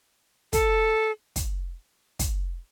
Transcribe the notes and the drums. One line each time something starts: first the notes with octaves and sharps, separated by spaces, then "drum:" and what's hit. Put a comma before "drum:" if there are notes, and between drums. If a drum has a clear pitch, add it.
A4, drum: kick, hi-hat
drum: kick, hi-hat
drum: kick, hi-hat